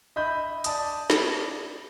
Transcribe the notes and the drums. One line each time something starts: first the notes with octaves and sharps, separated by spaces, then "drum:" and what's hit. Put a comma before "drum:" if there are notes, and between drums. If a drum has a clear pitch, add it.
D#5 E5 B5 G6
D5 A5 D#6, drum: hi-hat
drum: snare